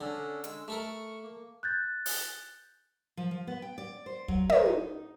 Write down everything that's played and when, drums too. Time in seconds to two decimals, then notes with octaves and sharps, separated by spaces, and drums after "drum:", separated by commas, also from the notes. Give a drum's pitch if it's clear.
0.01 D3 C#4 D4 A4
0.44 G#3 E6, drum: hi-hat
0.68 A3 A4 A#4 C#6
1.23 A#3
1.63 F#6 G6 A6
2.06 drum: open hi-hat
3.17 F3
3.31 F3
3.47 B3
3.62 G5
3.78 D5
4.06 C5
4.28 F#3, drum: kick
4.50 A#4, drum: tom
4.65 D#4